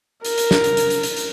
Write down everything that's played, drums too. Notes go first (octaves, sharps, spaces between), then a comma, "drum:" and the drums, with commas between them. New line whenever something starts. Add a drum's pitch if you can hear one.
A#4, drum: hi-hat
drum: hi-hat
drum: snare
drum: hi-hat
drum: hi-hat
drum: hi-hat
drum: hi-hat
drum: hi-hat